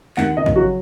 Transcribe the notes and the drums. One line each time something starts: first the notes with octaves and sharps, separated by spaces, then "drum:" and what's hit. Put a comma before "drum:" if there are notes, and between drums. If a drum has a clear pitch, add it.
D#2 F#5, drum: clap
C#3 D#5
drum: kick
F#3 F#4